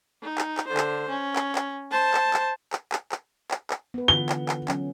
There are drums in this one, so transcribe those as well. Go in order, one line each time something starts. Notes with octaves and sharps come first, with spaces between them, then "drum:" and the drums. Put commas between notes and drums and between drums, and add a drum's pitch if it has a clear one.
D#4
drum: clap
drum: clap
D3 C5
drum: clap
C#4
drum: clap
drum: clap
C5 A5
drum: clap
drum: clap
drum: clap
drum: clap
drum: clap
drum: clap
drum: clap
B3 B4
D3 E3 F4 G7
drum: clap
drum: clap
F#3 C#4, drum: clap